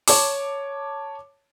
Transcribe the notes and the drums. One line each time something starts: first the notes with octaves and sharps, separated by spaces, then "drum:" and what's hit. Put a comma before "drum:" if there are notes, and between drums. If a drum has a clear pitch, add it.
C#5 A5 D6, drum: open hi-hat